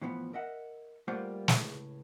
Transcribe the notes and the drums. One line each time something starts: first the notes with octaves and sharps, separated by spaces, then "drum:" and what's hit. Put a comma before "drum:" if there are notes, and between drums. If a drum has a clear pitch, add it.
A2 E3 F3 B3
A#4 D#5 E5 F#5
G3 A3 A#3 F4 C5 F#5
C#2 A2, drum: snare